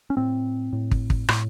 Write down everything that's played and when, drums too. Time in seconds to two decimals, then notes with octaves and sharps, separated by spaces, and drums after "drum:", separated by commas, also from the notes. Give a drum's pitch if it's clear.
0.10 C#4
0.17 A2 C4
0.73 A2
0.91 drum: kick
1.10 drum: kick
1.28 A2, drum: rim click